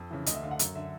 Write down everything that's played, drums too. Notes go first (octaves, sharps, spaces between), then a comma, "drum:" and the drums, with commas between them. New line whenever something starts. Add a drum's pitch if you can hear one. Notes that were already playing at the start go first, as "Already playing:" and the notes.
Already playing: F2
C#3 E3
D2 D#5, drum: hi-hat
E5
D3 F5
F#5
F#2, drum: hi-hat
D3 E5